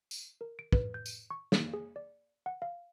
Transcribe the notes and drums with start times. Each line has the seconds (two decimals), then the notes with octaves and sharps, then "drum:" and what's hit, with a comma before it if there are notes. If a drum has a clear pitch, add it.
0.11 drum: tambourine
0.41 A#4
0.59 D7
0.73 B4, drum: kick
0.94 G6
1.06 drum: tambourine
1.31 C#6
1.52 A#3, drum: snare
1.74 G#4
1.96 D5
2.46 F#5
2.62 F5